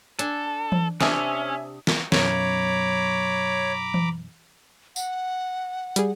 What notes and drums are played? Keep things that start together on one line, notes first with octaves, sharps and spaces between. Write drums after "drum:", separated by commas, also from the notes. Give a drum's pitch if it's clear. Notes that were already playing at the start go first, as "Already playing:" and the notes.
D4 A4 G#5, drum: hi-hat
drum: tom E3
C3 C#4 D4 E5 G#5 D#6, drum: snare
drum: snare
B1 F#2 C#5 A#5 B5 D6, drum: snare
drum: tom E3
F#5, drum: tambourine
G3 G#4, drum: hi-hat